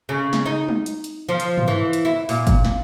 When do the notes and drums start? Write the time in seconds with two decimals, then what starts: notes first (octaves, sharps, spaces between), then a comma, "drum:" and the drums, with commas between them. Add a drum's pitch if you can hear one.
0.09 C#3
0.33 drum: snare
0.46 D#4
0.68 drum: tom
0.86 drum: hi-hat
1.04 drum: hi-hat
1.29 F3
1.40 drum: hi-hat
1.58 drum: tom
1.68 E3
1.93 drum: hi-hat
2.05 E4
2.29 A#2, drum: open hi-hat
2.47 drum: kick G1, hi-hat
2.65 drum: snare